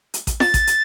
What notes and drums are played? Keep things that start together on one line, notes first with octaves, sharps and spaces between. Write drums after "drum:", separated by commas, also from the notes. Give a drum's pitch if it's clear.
drum: hi-hat
drum: kick A1, hi-hat
A6, drum: snare
drum: kick A1, hi-hat
drum: hi-hat